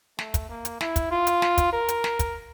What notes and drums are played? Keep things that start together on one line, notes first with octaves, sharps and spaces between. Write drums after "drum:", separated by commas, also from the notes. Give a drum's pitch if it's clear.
A3, drum: snare
drum: kick, hi-hat
A#3
drum: hi-hat
E4, drum: snare
drum: kick, hi-hat
F4
drum: hi-hat
drum: snare
drum: kick, hi-hat
A#4
drum: hi-hat
drum: snare
drum: kick, hi-hat